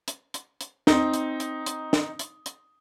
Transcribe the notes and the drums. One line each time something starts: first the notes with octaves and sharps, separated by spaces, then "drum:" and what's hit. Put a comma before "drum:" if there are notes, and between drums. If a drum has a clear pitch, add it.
drum: hi-hat
drum: hi-hat
drum: hi-hat
C4 D#4, drum: snare
drum: hi-hat
drum: hi-hat
drum: hi-hat
drum: snare
drum: hi-hat
drum: hi-hat